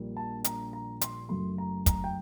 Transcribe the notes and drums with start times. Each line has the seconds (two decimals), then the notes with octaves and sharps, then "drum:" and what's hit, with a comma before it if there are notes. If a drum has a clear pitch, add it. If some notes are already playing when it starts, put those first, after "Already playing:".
Already playing: A#1 A#2 G3 A#3
0.17 A5
0.44 A#5, drum: hi-hat
0.73 A#5
1.01 C6, drum: hi-hat
1.29 F#1 F#2 F#3 A3 C6
1.58 A#5
1.86 A#5, drum: kick, hi-hat
2.04 G5